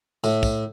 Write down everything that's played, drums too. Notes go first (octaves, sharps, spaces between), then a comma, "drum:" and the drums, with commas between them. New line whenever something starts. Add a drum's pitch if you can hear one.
A2, drum: tambourine
drum: kick, tambourine